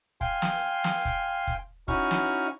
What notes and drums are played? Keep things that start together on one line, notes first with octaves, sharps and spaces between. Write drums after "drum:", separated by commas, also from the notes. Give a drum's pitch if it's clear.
F5 G5 G#5 C6, drum: kick F1
drum: snare
drum: snare
drum: kick F1
drum: kick F1
C#4 D#4 E4 F#4 C#6 F6, drum: kick F1
drum: snare